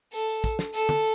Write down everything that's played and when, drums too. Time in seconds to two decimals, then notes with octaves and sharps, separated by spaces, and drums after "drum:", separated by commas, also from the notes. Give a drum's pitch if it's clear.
0.13 A4, drum: tambourine
0.29 drum: tambourine
0.44 drum: kick, tambourine
0.59 drum: snare
0.74 A4, drum: tambourine
0.89 drum: tom